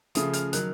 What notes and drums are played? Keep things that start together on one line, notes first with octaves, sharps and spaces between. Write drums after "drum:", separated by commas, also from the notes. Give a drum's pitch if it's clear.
C#3 F3 A3 D#6, drum: hi-hat
F6, drum: hi-hat
D#3 F#3 F#6, drum: hi-hat